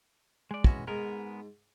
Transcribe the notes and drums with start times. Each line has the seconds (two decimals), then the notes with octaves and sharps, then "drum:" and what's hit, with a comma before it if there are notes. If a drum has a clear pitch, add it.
0.51 G#3 D5
0.64 E3 G#3 C#4 F#4, drum: kick
0.87 G#2 G#3 B3 A#4